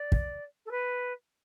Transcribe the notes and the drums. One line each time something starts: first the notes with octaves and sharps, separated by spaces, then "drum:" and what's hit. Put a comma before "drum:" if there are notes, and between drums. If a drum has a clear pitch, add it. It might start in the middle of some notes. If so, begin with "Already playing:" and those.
Already playing: D5
drum: kick
A4
B4